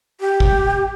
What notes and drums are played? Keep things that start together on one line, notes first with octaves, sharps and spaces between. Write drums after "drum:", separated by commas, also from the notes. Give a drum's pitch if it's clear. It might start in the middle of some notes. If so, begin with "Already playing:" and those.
G4
drum: kick